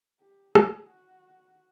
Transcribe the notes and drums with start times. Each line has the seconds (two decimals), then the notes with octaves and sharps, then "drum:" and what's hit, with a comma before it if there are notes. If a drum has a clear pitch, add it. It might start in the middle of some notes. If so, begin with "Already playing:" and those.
0.21 G4
0.55 G#4, drum: rim click
0.90 F#4